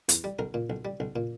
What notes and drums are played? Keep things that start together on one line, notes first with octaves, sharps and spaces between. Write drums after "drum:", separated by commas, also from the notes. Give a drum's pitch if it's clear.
E2, drum: hi-hat
G3
B1 A#4
A#2
B1
G3
B1
A#2